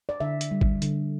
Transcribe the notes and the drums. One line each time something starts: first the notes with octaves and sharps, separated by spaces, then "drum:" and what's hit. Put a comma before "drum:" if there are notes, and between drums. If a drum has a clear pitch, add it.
D5
D3 E5
drum: hi-hat
G3
drum: kick
D3, drum: hi-hat